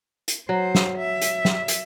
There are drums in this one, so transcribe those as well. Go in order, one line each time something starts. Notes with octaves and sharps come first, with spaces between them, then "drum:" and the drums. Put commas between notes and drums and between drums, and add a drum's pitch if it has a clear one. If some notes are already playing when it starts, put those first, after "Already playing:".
drum: hi-hat
F#3 C5
drum: snare
E5
drum: hi-hat
drum: snare
drum: hi-hat